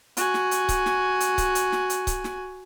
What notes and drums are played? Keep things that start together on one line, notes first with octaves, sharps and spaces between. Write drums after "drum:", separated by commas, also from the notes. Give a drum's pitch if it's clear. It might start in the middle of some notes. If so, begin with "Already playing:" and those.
F#4 G#5, drum: hi-hat
drum: snare
drum: hi-hat
drum: kick C#1, hi-hat
drum: snare
drum: hi-hat
drum: kick C#1, hi-hat
drum: hi-hat
drum: snare
drum: hi-hat
drum: kick C#1, hi-hat
drum: snare